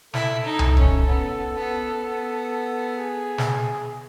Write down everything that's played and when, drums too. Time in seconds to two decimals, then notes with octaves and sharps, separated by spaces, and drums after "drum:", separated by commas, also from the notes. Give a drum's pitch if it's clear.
0.14 E4 A4, drum: snare
0.45 D#4
0.59 drum: tom C2
0.77 C#4, drum: kick D#1
1.08 B3
1.55 B3
2.02 B3
2.97 G#4
3.38 drum: snare